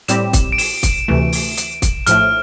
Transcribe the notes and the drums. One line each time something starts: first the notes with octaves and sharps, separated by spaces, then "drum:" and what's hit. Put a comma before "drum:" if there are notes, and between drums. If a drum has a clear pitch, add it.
A2 G3 C4 G4 E7, drum: hi-hat
drum: kick, hi-hat
D7
E7, drum: open hi-hat
drum: kick, hi-hat
D2 C3 E3 A3
drum: open hi-hat
drum: hi-hat
drum: kick, hi-hat
A#1 A2 F3 A3 F6, drum: hi-hat